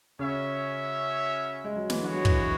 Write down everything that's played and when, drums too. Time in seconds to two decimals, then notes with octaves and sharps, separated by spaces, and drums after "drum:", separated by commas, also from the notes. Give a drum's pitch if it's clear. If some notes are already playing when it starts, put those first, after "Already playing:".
0.19 C#3 C#4 F#4 C#5 E5
1.64 G#3
1.76 F#3
1.90 E3, drum: snare
2.01 D3 G#3 B3 F#4 C#5
2.14 F#3
2.25 E3, drum: kick